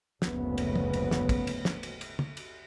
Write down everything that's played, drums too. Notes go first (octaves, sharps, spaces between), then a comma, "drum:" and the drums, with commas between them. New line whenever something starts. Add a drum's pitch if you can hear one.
F#1 D2 G#2 C#3 B3, drum: snare
drum: cymbal
drum: tom
drum: cymbal
drum: snare
drum: kick, cymbal
drum: cymbal
drum: snare
drum: cymbal
drum: cymbal
drum: tom
drum: cymbal